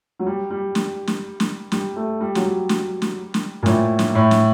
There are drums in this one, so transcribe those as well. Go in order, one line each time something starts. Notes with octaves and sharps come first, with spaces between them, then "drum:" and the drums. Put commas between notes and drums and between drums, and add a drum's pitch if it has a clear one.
F#3
G3
G3
drum: snare
drum: snare
drum: snare
G3, drum: snare
A3
G3
F#3, drum: snare
G3
drum: snare
drum: snare
drum: snare
A#2
A2, drum: snare
drum: snare
A2
drum: snare